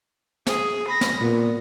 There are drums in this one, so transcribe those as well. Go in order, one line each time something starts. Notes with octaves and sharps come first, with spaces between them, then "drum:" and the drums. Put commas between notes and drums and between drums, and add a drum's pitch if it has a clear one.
G#4, drum: snare
B5 A#6
drum: snare
A#2 B3